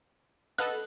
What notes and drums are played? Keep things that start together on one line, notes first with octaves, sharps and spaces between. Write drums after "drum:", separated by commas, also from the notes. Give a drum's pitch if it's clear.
A4 B4 D#5 F#5 F#6, drum: hi-hat